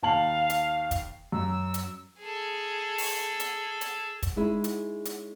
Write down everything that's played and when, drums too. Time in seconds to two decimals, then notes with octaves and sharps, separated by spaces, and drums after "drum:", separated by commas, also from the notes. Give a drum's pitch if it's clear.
0.03 D#2 F5 A5 F#7
0.50 drum: hi-hat
0.91 drum: kick, hi-hat
1.32 F#2 E6
1.74 drum: hi-hat
2.20 G#4 A4
2.98 drum: open hi-hat
3.40 drum: hi-hat
3.81 drum: hi-hat
4.23 drum: kick, hi-hat
4.36 G#3 C#4 D#4 E4 G#4
4.64 drum: hi-hat
5.05 drum: hi-hat